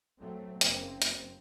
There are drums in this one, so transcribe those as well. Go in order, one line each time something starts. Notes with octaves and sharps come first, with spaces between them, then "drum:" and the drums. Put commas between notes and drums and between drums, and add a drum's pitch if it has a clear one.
F#3 A3 C4
F#1 F#2 C#3 A#3 C4, drum: hi-hat
drum: hi-hat